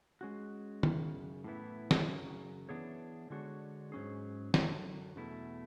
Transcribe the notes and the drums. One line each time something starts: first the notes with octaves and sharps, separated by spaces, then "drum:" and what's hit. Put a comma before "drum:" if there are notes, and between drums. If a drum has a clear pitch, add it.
G#3 C#4 F#4
F#2 C#3, drum: tom
A2 E3 B3 E4
drum: snare
F#2 C#3 F#3
E3 B3 D4 G#4 C#5
D3 G#3 D4 F#4 C#5
G#2 F#3 C#4 G#4
F#2 D3 F#3, drum: snare
E2 B2 A3 E4